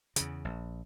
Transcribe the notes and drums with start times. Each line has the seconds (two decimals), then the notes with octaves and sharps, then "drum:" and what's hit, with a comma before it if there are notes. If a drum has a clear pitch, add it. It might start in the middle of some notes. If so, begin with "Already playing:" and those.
0.16 E2 C#3, drum: hi-hat
0.45 A#1